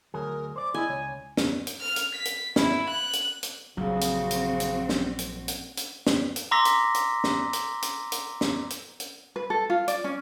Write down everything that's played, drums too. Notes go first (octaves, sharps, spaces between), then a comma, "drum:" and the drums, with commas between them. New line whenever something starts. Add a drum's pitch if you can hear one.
D2 F#3 G#4 A#4
C5 D5 D6
E4 G#4 D5 D#5 G#5
C#2 C#5
drum: snare
drum: hi-hat
F6
drum: hi-hat
B6
drum: hi-hat
E4, drum: snare
F#6
drum: hi-hat
drum: hi-hat
A#1 G2 C#3 F#3 C4 F#4
drum: hi-hat
drum: hi-hat
drum: hi-hat
drum: snare
drum: hi-hat
drum: hi-hat
drum: hi-hat
drum: snare
drum: hi-hat
A#5 C6 D6 E6 A#6 B6
drum: hi-hat
drum: hi-hat
drum: snare
drum: hi-hat
drum: hi-hat
drum: hi-hat
drum: snare
drum: hi-hat
drum: hi-hat
B4
A4
F4
D5, drum: hi-hat
C#4